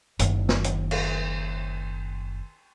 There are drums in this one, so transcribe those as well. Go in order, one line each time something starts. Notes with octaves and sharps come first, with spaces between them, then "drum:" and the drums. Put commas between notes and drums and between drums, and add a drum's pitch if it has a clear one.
F#1 D#3, drum: hi-hat
drum: snare
drum: hi-hat
drum: cymbal